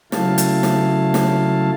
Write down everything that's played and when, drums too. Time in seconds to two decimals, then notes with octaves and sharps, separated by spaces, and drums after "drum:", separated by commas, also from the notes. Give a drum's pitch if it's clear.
0.12 C#3 F#3 A3 E4 F5 A5, drum: snare
0.38 drum: hi-hat
0.63 drum: snare
1.14 drum: snare